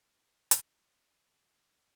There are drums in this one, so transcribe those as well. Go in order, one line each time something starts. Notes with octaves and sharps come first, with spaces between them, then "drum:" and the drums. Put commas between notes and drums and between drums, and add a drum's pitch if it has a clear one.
G#2 C#3
drum: hi-hat